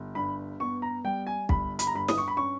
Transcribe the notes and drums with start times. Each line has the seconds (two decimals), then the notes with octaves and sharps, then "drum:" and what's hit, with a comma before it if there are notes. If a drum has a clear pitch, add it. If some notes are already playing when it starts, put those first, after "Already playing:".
Already playing: G1
0.15 G2 B5
0.60 B3 C#6
0.82 A#5
1.04 G3 G5
1.27 G#5
1.49 G1 B5, drum: kick
1.79 B5, drum: hi-hat
1.87 A#5
1.94 G2 B5
2.08 D#6, drum: snare
2.18 C#6
2.28 B5
2.37 C#4 C#6